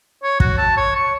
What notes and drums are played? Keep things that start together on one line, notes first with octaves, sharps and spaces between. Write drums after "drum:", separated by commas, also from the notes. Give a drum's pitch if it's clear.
C#5
F#4, drum: kick
A5
C#5
C#6